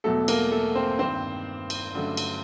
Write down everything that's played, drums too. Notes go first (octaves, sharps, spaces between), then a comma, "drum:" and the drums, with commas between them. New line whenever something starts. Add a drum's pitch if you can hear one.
E1 E2 B2 F#3 A3 A4
A#3 A#4, drum: cymbal
A3 A4
C4 C5
A1 G2 D#3 C4 C5
drum: cymbal
G2 D3 F#3 A3 C#4
drum: cymbal